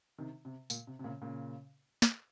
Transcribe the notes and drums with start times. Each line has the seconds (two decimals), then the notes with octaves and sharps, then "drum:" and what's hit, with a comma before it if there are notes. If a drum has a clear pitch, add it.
0.18 C3 D#3
0.45 C3
0.70 A#2, drum: tambourine
0.87 C3
0.99 C3
1.04 A#2 C#3
1.22 A#2 C#3
2.02 drum: snare